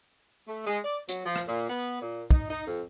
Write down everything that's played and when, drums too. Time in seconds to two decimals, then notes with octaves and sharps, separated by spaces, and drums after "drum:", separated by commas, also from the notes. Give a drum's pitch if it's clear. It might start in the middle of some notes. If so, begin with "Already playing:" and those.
0.48 A3
0.67 G#3
0.84 D5
1.09 F#3, drum: hi-hat
1.26 F3
1.36 drum: rim click
1.48 A#2
1.70 B3
2.01 A#2
2.31 D#4, drum: kick
2.50 D#4
2.67 F2